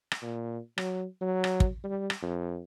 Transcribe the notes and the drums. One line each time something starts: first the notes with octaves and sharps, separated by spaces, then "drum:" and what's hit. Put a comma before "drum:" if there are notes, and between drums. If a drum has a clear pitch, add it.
drum: rim click
A#2
F#3, drum: rim click
F#3
drum: rim click
drum: kick
G3
drum: rim click
F2